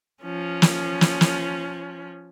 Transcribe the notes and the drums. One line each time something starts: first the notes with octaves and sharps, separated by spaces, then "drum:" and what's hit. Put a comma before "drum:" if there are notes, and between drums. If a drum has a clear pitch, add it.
F3 C#4
drum: snare
drum: snare
drum: snare